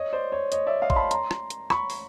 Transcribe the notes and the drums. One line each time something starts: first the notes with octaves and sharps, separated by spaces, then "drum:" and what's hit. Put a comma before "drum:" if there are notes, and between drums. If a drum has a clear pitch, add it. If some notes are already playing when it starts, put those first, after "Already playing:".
Already playing: C#5 D#5
C5 D5
C#5
C#5 D#5, drum: hi-hat
D5 E5
D#5 F5
C6, drum: kick A1
A5 B5
A#5 C6, drum: hi-hat
drum: rim click
drum: hi-hat
B5 C#6, drum: rim click
drum: open hi-hat